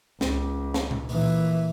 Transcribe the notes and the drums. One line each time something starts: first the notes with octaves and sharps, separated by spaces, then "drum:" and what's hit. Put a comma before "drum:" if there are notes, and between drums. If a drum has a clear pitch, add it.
C#2, drum: snare
drum: snare
drum: tom B2
A#2 E3, drum: open hi-hat